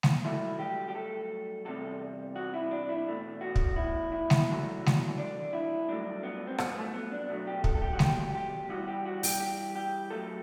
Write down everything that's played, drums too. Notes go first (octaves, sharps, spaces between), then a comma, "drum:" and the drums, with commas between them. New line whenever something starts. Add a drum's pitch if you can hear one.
drum: snare G#3
G2 F#3 A3 E4
G4
G4
A4
E2 C3 G3 A4
F#4
E4
D4
E4
E2 B2 A3
F#4
drum: kick
E4
E4
drum: snare G#3
E2 D3 F#3 A3
drum: snare G#3
D4
E4
G2 F#3 A3 D4
B3
C4
B3, drum: rim click
A3
B3
D4
B2 F#3 A3
G4
A4, drum: kick
A4
G4
F#4
G4, drum: snare G#3
G4
G2 E3 G3 F#4
G4
F#4
G4, drum: open hi-hat
G4
G4
F#2 F#3 A3 A4